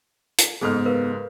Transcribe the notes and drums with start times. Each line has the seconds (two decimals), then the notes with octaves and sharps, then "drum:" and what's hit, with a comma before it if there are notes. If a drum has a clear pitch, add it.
0.38 drum: hi-hat
0.61 F#1 G#2 B3 G#4 A4 F6
0.86 A#4 B4 F5